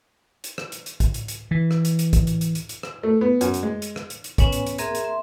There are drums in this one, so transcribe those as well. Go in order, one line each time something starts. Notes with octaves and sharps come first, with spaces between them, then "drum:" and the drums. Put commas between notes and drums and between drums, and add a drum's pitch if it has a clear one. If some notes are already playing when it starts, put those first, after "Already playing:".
drum: hi-hat
drum: rim click
drum: hi-hat
drum: hi-hat
drum: kick, hi-hat
drum: hi-hat
drum: hi-hat
E3
drum: rim click
drum: hi-hat
drum: hi-hat
drum: kick, hi-hat
drum: hi-hat
drum: hi-hat
drum: hi-hat
drum: hi-hat
drum: rim click
A3
B3
F#2, drum: hi-hat
drum: hi-hat
G#3
drum: hi-hat
drum: rim click
drum: hi-hat
drum: hi-hat
B3 C#4 B4 C#5 G#5, drum: kick, hi-hat
drum: hi-hat
drum: hi-hat
A#3 C4 G#4 A#4 E5, drum: hi-hat
drum: hi-hat
E5 C6